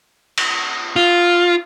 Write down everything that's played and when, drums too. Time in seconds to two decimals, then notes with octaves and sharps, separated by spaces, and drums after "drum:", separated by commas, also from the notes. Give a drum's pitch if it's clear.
0.38 drum: cymbal
0.96 F4